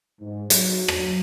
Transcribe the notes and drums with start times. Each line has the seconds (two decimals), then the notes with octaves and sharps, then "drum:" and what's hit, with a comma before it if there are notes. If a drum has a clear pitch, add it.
0.21 G#2
0.50 F#3, drum: hi-hat
0.88 drum: rim click